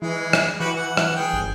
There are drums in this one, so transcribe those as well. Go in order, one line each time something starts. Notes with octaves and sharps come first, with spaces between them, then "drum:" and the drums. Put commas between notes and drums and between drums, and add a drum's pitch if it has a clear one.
E3 G#3
drum: rim click
E3 F#4 G4 B4
F#5
drum: rim click
G#4 G5
G1